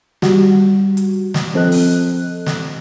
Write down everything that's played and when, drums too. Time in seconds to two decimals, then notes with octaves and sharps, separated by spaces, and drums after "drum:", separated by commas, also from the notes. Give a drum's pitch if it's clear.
0.22 G3 F#4, drum: snare
0.97 drum: hi-hat
1.34 drum: snare
1.54 F3 C4 A4 D#5 F#6
1.72 drum: open hi-hat
2.46 drum: snare